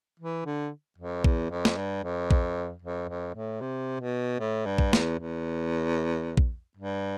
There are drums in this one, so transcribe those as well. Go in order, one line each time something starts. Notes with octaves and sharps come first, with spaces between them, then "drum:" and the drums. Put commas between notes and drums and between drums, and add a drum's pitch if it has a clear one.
E3
D3
F2
E2, drum: kick A#1
F2
drum: snare
G2
F2
drum: kick A#1
F2
F2
A2
C3
B2
A2
G2
drum: kick A#1
E2, drum: snare
E2
drum: kick A#1
G2